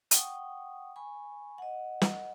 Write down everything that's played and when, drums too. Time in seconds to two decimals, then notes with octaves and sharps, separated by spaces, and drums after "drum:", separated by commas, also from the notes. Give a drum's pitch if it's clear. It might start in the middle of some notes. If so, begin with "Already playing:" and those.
0.11 F#5 G5 C#6 D#6, drum: hi-hat
0.96 G#5 B5 C#6
1.58 D#5 F#5
2.01 drum: snare